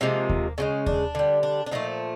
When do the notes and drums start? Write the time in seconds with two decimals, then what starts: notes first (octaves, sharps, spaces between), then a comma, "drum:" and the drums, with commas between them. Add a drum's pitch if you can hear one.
0.01 C3 F3 G#3 A#3
0.29 drum: kick D#2
0.58 C#3 E3 G#3 C#4
0.86 D4, drum: kick D#2
1.15 D3 G3
1.43 D4
1.66 D4
1.71 A#2 F3 A3 D#4